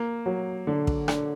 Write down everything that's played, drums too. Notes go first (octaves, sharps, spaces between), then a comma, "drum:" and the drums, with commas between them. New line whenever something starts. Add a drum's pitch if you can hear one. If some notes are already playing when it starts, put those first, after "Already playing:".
Already playing: A#3
F#3
D3
drum: kick
D3, drum: rim click